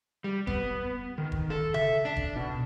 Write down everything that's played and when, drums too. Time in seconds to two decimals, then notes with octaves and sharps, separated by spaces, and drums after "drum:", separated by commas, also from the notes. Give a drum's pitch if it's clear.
0.24 G3
0.47 B3, drum: kick E1
1.18 D#3
1.32 drum: kick E1
1.50 A4
1.74 E5, drum: tom C#3
2.05 D4
2.16 drum: kick E1
2.36 B2